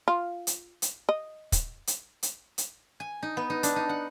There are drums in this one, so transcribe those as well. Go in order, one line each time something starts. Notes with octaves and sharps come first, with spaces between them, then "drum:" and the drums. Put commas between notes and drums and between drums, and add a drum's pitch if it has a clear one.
F4
drum: hi-hat
drum: hi-hat
D#5
drum: kick, hi-hat
drum: hi-hat
drum: hi-hat
drum: hi-hat
G#5
D#4
B3
D#4
D4, drum: hi-hat
D#4
F#5